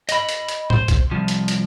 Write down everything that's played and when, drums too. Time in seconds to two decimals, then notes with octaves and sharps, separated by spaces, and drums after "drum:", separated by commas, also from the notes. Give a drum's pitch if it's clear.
0.09 D#5 B5, drum: hi-hat
0.29 drum: hi-hat
0.49 drum: hi-hat
0.70 C5, drum: tom
0.88 drum: kick, hi-hat
1.11 C2 F3
1.28 drum: hi-hat
1.48 drum: hi-hat